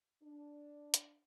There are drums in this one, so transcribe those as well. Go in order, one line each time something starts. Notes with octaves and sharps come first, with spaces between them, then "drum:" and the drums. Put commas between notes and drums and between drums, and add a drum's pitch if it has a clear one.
D4
drum: hi-hat